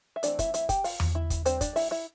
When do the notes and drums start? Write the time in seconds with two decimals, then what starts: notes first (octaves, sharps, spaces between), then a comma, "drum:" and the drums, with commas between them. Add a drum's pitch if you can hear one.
0.16 E5
0.23 E3 A3 C4 D4 D5, drum: hi-hat
0.39 E4 E5, drum: kick, hi-hat
0.54 E4 E5, drum: hi-hat
0.69 G4 G5, drum: kick, hi-hat
0.84 F4 F5, drum: open hi-hat
1.00 drum: tom E2
1.15 E4 E5
1.30 drum: kick, hi-hat
1.45 G3 C4 D4 C5, drum: hi-hat
1.61 D4 D5, drum: kick, hi-hat
1.76 E4 E5, drum: open hi-hat
1.91 E4 E5